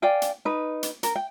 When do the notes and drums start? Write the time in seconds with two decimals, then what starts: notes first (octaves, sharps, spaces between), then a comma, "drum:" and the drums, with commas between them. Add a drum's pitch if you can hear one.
0.02 D5 F5 G5 G#5
0.22 drum: hi-hat
0.45 D#4 B4
0.83 drum: hi-hat
1.03 A#4, drum: hi-hat
1.16 G5